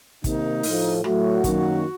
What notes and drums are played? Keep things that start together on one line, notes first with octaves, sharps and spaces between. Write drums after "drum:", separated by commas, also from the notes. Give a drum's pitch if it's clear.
C3 D#3 A#3 D#4, drum: kick, hi-hat
A2 F3 A3, drum: open hi-hat
A2 F#3 A3 F#4, drum: rim click
F#2 D#3 F#3 A#3, drum: kick, hi-hat